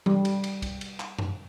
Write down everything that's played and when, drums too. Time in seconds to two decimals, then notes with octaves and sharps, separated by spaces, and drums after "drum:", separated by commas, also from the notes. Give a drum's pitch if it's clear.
0.06 G3, drum: tom E3
0.25 drum: cymbal
0.44 drum: cymbal
0.62 drum: kick, cymbal
0.81 drum: cymbal
1.00 drum: clap
1.19 drum: tom F#2